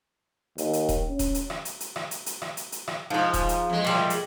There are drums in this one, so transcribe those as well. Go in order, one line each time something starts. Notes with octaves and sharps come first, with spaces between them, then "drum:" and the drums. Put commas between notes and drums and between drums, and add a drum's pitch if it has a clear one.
D#2, drum: hi-hat
drum: hi-hat
drum: kick D#1, hi-hat
C#4
drum: kick D#1, hi-hat
drum: hi-hat
drum: rim click
drum: hi-hat
drum: hi-hat
drum: rim click
drum: hi-hat
drum: hi-hat
drum: rim click
drum: hi-hat
drum: hi-hat
drum: rim click
G#2 F3 D#4
drum: kick D#1, hi-hat
drum: hi-hat
F2 G#3
A#2 G3 A3
drum: rim click
drum: hi-hat